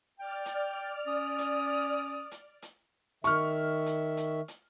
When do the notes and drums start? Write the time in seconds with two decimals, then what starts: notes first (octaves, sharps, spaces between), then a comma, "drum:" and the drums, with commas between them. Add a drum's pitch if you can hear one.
0.19 D5 G5 F6
0.46 drum: hi-hat
1.07 C#4 D#6
1.38 drum: hi-hat
2.31 drum: hi-hat
2.62 drum: hi-hat
3.24 D#3 E5 C#6 F6, drum: hi-hat
3.86 drum: hi-hat
4.17 drum: hi-hat
4.48 drum: hi-hat